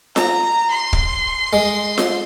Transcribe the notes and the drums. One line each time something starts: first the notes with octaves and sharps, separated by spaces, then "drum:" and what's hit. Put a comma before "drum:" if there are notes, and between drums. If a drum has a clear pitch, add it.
A#5, drum: snare F4
C6
drum: kick D1
G#3
drum: snare F4